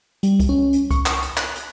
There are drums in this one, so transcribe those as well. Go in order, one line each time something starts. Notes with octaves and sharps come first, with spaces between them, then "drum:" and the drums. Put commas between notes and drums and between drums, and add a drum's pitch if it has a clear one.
G3, drum: hi-hat
drum: kick C2, hi-hat
C#4
drum: hi-hat
C#6, drum: kick C2, hi-hat
drum: clap
drum: hi-hat
F#6, drum: clap
drum: hi-hat